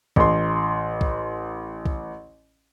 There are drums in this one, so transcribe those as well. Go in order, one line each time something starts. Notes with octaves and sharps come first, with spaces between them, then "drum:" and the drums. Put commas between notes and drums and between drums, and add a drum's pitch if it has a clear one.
A1 C6, drum: kick B1
drum: kick B1
drum: kick B1